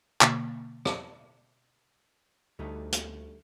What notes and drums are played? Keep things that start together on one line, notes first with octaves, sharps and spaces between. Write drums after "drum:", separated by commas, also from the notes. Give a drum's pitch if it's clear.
B2 D3 A#3, drum: clap
drum: rim click
D2 G3 A3 D#4
drum: hi-hat